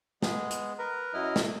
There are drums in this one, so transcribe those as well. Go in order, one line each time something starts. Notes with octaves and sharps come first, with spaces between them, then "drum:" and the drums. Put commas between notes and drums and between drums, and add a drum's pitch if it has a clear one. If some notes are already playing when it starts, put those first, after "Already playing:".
G#3 B3 G#4, drum: snare
drum: hi-hat
A#4 B4 A#5
F#2 F#3 E4 D#5 F6
drum: snare